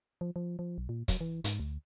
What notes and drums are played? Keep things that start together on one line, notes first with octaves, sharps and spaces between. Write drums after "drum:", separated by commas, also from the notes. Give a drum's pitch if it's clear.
F3
F3
F3
B1
A#2
F#3, drum: kick, hi-hat
E3
G#2, drum: hi-hat
D2